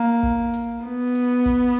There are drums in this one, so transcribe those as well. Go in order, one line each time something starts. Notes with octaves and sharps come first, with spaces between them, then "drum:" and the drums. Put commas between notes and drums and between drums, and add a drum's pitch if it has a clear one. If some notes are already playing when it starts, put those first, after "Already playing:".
Already playing: A#3
drum: kick
drum: hi-hat
B3
drum: hi-hat
drum: kick, hi-hat